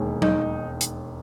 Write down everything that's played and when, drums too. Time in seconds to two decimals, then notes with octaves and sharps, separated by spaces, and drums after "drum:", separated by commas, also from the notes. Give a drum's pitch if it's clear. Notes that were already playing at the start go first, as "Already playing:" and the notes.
Already playing: E1 D#2 D#3 G#3
0.22 D#4, drum: tom F#3
0.81 drum: hi-hat